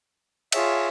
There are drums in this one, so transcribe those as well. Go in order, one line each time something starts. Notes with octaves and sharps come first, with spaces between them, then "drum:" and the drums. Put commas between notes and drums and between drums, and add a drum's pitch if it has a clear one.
F4 G#4 C#5 E5, drum: cymbal